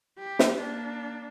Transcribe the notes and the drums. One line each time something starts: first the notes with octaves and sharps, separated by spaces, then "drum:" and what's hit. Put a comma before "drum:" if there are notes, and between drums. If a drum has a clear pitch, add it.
G4
drum: snare
A#3 D4